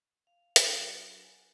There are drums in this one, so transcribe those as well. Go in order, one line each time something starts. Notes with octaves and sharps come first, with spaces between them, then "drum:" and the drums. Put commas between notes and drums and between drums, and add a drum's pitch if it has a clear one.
F5
F#3 B3 D4 F#4 F5, drum: hi-hat
D5
F5
F#5
G#5